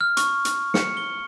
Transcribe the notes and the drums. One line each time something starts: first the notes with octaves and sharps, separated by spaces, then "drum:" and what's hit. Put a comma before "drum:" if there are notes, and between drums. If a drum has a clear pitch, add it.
F6
C#6, drum: hi-hat
drum: hi-hat
C#7, drum: snare
G7